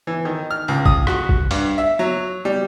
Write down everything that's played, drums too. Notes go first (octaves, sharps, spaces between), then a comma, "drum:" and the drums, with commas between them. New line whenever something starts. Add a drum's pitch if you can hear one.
E3
D#3
F6
C#2
D#6, drum: kick
F#4, drum: rim click
drum: kick
G2, drum: open hi-hat
E5
F#3
G3